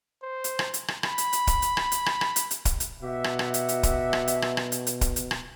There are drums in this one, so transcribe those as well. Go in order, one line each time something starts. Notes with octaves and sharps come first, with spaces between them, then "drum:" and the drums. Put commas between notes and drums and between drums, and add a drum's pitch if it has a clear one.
C5
drum: hi-hat
drum: rim click
drum: hi-hat
drum: rim click
B5, drum: rim click
drum: hi-hat
drum: hi-hat
drum: kick, hi-hat
drum: hi-hat
drum: rim click
drum: hi-hat
drum: rim click
drum: rim click
drum: hi-hat
drum: hi-hat
drum: kick, hi-hat
drum: hi-hat
B2 F#4 G4 E5
drum: rim click
drum: rim click
drum: hi-hat
drum: hi-hat
drum: kick, hi-hat
drum: rim click
drum: hi-hat
drum: rim click
drum: rim click
drum: hi-hat
drum: hi-hat
drum: kick, hi-hat
drum: hi-hat
drum: rim click